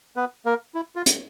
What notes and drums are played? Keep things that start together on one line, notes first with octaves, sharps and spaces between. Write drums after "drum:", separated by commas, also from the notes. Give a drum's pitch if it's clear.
B3 B4
A#3 A#4
E4
F4
drum: hi-hat